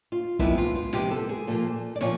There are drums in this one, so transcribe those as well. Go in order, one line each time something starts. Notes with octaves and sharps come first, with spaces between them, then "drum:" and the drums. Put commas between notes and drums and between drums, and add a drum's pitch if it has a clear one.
F4
C3 F3 G#3 B3 E4, drum: kick
F4
F4
C3 F3 G#3 B3 G4, drum: snare
A4
G#4
A#2 F3 A#3 A4
D5
A#2 F3 C#5, drum: snare